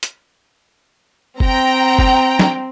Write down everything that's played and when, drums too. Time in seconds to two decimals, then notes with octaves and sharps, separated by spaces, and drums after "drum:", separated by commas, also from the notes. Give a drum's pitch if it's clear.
0.03 drum: hi-hat
1.40 C4 G5 A#5, drum: kick
1.99 drum: kick
2.39 drum: snare